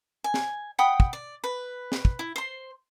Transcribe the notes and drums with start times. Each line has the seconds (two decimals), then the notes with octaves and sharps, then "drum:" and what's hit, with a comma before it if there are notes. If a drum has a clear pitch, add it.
0.24 G#5
0.34 drum: snare
0.79 F#5 G5 B5 D#6
1.00 drum: kick
1.13 D5
1.44 B4
1.92 drum: snare
2.05 drum: kick
2.19 E4
2.36 C5 C6